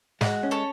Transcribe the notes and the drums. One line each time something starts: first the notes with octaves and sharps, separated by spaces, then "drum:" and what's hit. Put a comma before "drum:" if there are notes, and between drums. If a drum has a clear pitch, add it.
G#3 F#4, drum: snare
C#4
A4 C#5